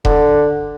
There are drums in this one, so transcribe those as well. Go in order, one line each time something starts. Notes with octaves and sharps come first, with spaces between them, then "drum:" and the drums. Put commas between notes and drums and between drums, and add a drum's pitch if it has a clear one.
D3, drum: kick E1